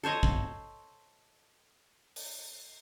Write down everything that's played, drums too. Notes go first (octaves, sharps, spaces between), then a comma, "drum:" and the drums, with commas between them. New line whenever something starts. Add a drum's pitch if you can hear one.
A4 C5 C#5 D#5
drum: kick
drum: open hi-hat